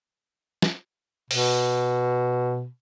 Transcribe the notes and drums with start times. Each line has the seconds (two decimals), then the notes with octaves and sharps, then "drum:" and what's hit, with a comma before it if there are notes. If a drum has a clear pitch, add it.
0.62 drum: snare
1.31 B2, drum: open hi-hat